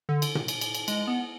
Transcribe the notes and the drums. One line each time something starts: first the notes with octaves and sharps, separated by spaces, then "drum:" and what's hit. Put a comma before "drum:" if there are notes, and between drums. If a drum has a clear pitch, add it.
D3
drum: cymbal
drum: tom A#2
drum: cymbal
drum: cymbal
drum: cymbal
G#3, drum: cymbal
B3